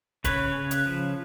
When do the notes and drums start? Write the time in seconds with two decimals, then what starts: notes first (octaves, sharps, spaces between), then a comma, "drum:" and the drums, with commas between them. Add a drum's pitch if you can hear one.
0.24 C#3 B4 C#5, drum: kick, hi-hat
0.55 C#3
0.71 drum: hi-hat
0.86 F3